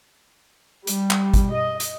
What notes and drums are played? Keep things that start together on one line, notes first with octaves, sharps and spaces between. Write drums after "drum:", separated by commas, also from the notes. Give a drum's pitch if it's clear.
G3, drum: hi-hat
drum: clap
drum: kick, hi-hat
D#5
drum: hi-hat